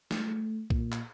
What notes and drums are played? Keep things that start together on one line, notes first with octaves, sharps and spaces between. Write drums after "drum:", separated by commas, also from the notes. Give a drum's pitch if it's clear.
A3, drum: snare
A#2, drum: kick B1
drum: clap